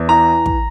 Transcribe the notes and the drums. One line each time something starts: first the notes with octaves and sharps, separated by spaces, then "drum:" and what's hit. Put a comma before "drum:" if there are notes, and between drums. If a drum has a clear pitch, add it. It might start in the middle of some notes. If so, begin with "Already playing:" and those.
Already playing: E2
E3 A#5
drum: kick